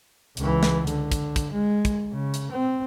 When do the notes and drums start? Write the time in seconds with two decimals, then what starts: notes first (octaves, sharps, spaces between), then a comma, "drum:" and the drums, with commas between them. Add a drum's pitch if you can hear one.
0.37 C#2 E3, drum: hi-hat
0.63 drum: snare
0.87 D3, drum: hi-hat
1.12 drum: kick, hi-hat
1.36 drum: kick, hi-hat
1.52 G#3
1.85 drum: kick, hi-hat
2.12 C#3
2.34 drum: hi-hat
2.51 C4